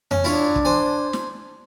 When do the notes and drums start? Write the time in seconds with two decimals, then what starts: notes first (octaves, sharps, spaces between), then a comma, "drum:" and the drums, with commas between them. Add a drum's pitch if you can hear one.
0.11 C#4, drum: tom F2
0.24 D4 E4 F4 C#5
0.56 drum: kick
0.65 C5 G#5
1.13 drum: snare